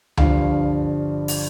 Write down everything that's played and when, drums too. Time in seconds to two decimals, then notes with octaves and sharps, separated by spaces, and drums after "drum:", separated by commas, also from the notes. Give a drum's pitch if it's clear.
0.17 G1 G2 F3 F5, drum: tom C#2
1.28 drum: open hi-hat